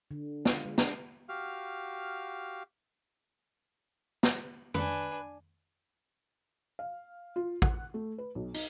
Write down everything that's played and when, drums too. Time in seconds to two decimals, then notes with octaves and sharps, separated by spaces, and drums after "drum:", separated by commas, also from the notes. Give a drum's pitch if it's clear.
0.11 D3
0.45 F4, drum: snare
0.65 G#3
0.78 D4, drum: snare
1.29 F#4 G4 F5 F6
4.23 drum: snare
4.74 D4 B4 G#5, drum: tom
6.79 F5
7.36 F4
7.62 F#5, drum: kick A1
7.94 A3
8.18 B4
8.35 B1
8.54 D#4, drum: open hi-hat